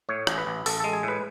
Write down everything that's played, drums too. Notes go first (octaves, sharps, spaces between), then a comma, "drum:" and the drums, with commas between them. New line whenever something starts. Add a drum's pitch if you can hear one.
A2 C#5
A1, drum: rim click
B4
A1
A1 A4, drum: open hi-hat
G#3 A4
G#4
A2 B4